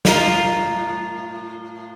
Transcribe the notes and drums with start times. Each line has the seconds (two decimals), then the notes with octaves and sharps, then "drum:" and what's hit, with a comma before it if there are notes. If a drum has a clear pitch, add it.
0.05 A2 F4 A#4, drum: snare